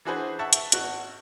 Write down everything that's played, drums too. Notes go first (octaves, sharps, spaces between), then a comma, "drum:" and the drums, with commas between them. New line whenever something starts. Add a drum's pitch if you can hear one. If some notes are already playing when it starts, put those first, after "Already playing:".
E3 D4 F#4 G#4 B4 C5
E5 F#5 A5 C#6
drum: hi-hat
G#1 F#4 F#5, drum: hi-hat